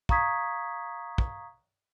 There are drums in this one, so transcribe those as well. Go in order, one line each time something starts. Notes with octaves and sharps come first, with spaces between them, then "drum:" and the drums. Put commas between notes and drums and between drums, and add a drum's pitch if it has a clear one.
F5 A#5 C#6 D#6 G#6 B6, drum: kick
drum: kick